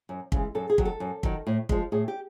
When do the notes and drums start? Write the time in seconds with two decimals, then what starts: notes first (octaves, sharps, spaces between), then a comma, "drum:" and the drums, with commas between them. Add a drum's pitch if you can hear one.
0.09 F#2
0.32 C#3 E3 G#3, drum: kick
0.55 F#2 A4
0.70 G#4
0.78 D#3 F#3, drum: kick
0.85 A4
1.00 F#2
1.23 D#3 F#3, drum: kick
1.47 A2
1.69 F3 G#3, drum: kick
1.92 A2 G#4
2.08 G4